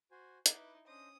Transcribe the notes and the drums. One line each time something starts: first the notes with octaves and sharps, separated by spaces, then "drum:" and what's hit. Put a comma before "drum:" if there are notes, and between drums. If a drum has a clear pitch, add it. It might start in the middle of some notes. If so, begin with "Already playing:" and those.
F#4 C5 G#5
D#4 E4 B4 D6, drum: hi-hat
C#4 D4 C5 D#5 D#6